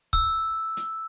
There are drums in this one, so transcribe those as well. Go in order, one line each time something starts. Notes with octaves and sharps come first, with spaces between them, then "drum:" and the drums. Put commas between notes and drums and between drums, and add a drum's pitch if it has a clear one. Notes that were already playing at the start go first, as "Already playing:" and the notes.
E6, drum: kick
drum: hi-hat